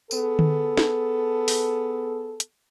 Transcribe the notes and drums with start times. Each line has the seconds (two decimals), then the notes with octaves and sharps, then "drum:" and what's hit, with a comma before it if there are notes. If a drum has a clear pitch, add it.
0.11 B3 G#4 A4, drum: tambourine
0.39 drum: tom D3
0.77 drum: snare
1.48 drum: open hi-hat
2.40 drum: hi-hat